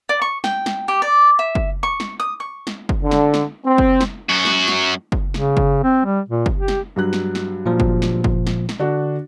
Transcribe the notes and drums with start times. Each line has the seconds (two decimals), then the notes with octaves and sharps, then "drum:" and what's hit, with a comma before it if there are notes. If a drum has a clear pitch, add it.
0.09 D5
0.22 C#6
0.44 G5, drum: snare
0.66 drum: snare
0.88 G4
1.02 D5
1.39 E5
1.55 drum: kick F#1
1.83 C#6
2.00 drum: snare
2.20 D#6
2.40 C#6
2.67 drum: snare
2.89 drum: kick F#1
3.02 D3
3.11 drum: snare
3.34 drum: snare
3.65 C4
3.78 drum: kick F#1
4.01 drum: snare
4.29 F#2 F#4
4.45 drum: snare
4.68 drum: snare
5.12 drum: kick F#1
5.34 C#3, drum: snare
5.57 drum: kick F#1
5.84 C4
6.05 G3
6.29 A#2
6.46 drum: kick F#1
6.57 G4
6.68 drum: snare
6.96 G2 F#3 F#6
7.13 drum: snare
7.35 drum: snare
7.66 A#2 F3
7.80 drum: kick F#1
8.02 drum: snare
8.24 drum: kick F#1
8.47 drum: snare
8.69 drum: snare
8.80 D3 D4 F#4